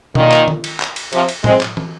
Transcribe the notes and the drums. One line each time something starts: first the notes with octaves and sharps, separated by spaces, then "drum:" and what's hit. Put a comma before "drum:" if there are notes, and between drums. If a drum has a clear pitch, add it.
A#2 D#3, drum: tom B2
drum: clap
drum: tom
drum: cymbal
drum: clap
drum: cymbal
C3 F3, drum: cymbal
drum: cymbal
G#3 C4, drum: tom
drum: clap
drum: tom